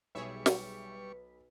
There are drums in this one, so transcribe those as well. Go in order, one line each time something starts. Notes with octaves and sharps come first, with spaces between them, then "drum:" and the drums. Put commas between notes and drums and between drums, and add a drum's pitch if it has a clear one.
B1 G3 G#4 B4 C#5 E5 C#6
drum: snare